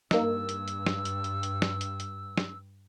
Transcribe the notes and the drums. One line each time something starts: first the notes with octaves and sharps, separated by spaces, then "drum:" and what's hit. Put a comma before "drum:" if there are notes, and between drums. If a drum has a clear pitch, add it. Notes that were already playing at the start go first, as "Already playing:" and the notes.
G2 A#3 D#4 E6, drum: snare
drum: hi-hat
drum: hi-hat
drum: snare
drum: hi-hat
drum: hi-hat
drum: hi-hat
drum: snare
drum: hi-hat
drum: hi-hat
drum: snare